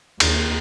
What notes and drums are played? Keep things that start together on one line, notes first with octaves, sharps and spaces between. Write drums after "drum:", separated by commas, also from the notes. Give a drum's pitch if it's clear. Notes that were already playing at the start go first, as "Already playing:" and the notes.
D#2, drum: cymbal